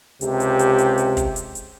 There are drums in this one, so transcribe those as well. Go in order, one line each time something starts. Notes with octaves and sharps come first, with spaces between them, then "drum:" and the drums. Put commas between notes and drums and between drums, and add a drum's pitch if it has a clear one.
C#2 C3 G4, drum: hi-hat
drum: hi-hat
drum: hi-hat
drum: hi-hat
drum: hi-hat
drum: kick, hi-hat
drum: hi-hat
drum: hi-hat